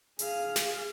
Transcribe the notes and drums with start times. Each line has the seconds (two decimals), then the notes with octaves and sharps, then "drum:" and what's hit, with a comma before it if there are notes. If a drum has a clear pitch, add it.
0.19 G#4 F5, drum: hi-hat
0.56 drum: snare